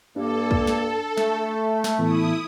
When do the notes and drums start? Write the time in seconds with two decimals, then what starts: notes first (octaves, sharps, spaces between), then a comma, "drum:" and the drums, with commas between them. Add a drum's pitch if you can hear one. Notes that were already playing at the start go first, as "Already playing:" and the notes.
0.16 G2 A#3 D4 A4
0.51 drum: kick
0.67 drum: snare
1.17 A3, drum: snare
1.84 drum: snare
1.98 A2 E3 B3 E4 D#6